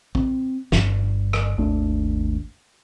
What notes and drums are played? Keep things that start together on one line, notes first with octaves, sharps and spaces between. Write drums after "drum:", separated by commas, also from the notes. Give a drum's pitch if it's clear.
C4, drum: kick A#1
G1 G2, drum: snare
drum: rim click
G#1 D#2 A3 D4